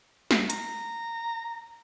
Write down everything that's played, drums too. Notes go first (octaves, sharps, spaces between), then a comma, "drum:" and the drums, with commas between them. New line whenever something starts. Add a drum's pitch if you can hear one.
drum: snare
A#5, drum: hi-hat